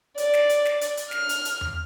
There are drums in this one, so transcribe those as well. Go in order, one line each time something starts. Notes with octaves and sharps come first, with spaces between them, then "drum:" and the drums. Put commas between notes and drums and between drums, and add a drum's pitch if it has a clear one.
D5, drum: hi-hat
drum: snare
drum: hi-hat
drum: snare
drum: hi-hat
drum: hi-hat
F6, drum: snare
drum: hi-hat
drum: hi-hat
drum: tom E2